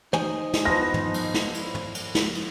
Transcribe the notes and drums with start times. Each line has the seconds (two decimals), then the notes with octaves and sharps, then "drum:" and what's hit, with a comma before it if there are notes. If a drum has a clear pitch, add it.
0.13 D#4 C5 G#5, drum: tom
0.54 drum: snare
0.65 F3 B3 A#6
0.94 drum: tom
1.14 drum: cymbal
1.34 drum: snare
1.54 drum: cymbal
1.75 drum: tom
1.95 drum: cymbal
2.15 drum: snare
2.35 drum: cymbal